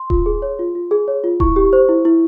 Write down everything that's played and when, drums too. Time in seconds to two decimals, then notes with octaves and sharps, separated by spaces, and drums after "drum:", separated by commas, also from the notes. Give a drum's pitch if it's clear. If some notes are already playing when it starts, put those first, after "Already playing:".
Already playing: C6
0.10 F4, drum: kick D#1
0.26 G#4
0.42 C#5
0.59 F4
0.75 F4
0.91 G#4
1.08 C#5
1.24 F4
1.40 E4 C#6, drum: kick D#1
1.56 G4
1.73 C5
1.89 E4
2.05 E4